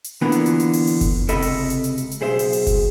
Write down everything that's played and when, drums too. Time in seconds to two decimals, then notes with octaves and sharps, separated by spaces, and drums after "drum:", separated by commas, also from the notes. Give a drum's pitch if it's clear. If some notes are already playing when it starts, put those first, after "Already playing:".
0.04 drum: hi-hat
0.22 D3 E3 A#3 B3 F4 B4
0.32 drum: hi-hat
0.46 drum: hi-hat
0.60 drum: hi-hat
0.73 drum: open hi-hat
0.87 drum: open hi-hat
1.01 drum: kick F#1, hi-hat
1.29 C#2 C3 A4 D#5 E5 B5, drum: hi-hat
1.42 drum: open hi-hat
1.70 drum: hi-hat
1.84 drum: hi-hat
1.98 drum: hi-hat
2.11 drum: hi-hat
2.21 B1 G#4 C5 E5
2.39 drum: open hi-hat
2.53 drum: open hi-hat
2.67 drum: kick F#1, hi-hat